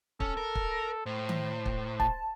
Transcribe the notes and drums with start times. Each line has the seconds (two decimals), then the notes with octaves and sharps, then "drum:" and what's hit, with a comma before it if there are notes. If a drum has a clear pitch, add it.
0.20 C#4 A4, drum: kick
0.37 A#4
0.55 drum: kick
1.06 A2 C5
1.29 drum: tom D#3
1.66 drum: kick
2.00 A5, drum: kick